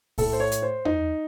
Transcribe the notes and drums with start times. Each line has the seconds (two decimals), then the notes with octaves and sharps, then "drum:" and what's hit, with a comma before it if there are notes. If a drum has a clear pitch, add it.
0.18 A2 A3 A4, drum: kick, open hi-hat
0.33 C5
0.40 C#5
0.52 drum: hi-hat
0.62 C5
0.85 D#4, drum: tom E2